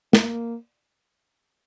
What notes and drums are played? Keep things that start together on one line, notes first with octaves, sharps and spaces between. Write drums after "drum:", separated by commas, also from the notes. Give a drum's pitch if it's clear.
A#3, drum: snare